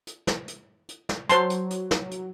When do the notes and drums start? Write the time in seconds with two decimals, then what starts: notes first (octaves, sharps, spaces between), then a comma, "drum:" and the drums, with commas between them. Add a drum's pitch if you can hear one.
0.07 drum: hi-hat
0.27 drum: snare
0.48 drum: hi-hat
0.89 drum: hi-hat
1.09 drum: snare
1.29 F#3 C5 A5 C6, drum: hi-hat
1.50 drum: hi-hat
1.70 drum: hi-hat
1.91 drum: snare
2.11 drum: hi-hat